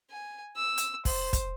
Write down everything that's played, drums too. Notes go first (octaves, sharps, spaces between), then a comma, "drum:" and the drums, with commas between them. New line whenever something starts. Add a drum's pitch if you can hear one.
G#5
E6
drum: hi-hat
C5, drum: kick, open hi-hat
drum: kick, hi-hat